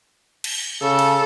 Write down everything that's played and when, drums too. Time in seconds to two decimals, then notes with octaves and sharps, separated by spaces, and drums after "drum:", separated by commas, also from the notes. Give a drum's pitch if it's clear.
0.44 drum: cymbal
0.82 C#3 A4
0.99 drum: cymbal